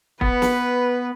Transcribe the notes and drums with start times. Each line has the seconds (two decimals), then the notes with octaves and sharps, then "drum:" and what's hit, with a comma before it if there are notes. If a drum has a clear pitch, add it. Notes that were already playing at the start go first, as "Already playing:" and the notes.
0.21 B3 B4, drum: kick
0.42 drum: snare